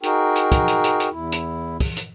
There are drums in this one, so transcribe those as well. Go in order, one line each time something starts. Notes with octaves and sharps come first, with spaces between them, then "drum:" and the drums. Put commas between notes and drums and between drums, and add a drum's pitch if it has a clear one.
D#4 F#4 G#4 A#4 G5, drum: hi-hat
drum: hi-hat
drum: kick, hi-hat
drum: hi-hat
drum: hi-hat
drum: hi-hat
E2 E4
drum: hi-hat
drum: kick, open hi-hat
drum: hi-hat